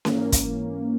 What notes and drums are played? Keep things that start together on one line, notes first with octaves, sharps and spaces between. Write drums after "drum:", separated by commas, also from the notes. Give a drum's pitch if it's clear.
G#2 E3 A#3 C#4, drum: snare C#4
drum: kick, hi-hat